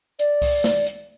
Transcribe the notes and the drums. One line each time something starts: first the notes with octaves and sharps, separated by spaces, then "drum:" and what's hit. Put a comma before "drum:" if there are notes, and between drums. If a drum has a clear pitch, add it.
D5, drum: hi-hat
drum: kick C2, open hi-hat
drum: snare
drum: hi-hat